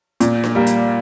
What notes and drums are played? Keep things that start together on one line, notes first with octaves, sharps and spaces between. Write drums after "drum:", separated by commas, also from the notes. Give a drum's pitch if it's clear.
A#2, drum: hi-hat
drum: snare D4
G3 A#3
drum: hi-hat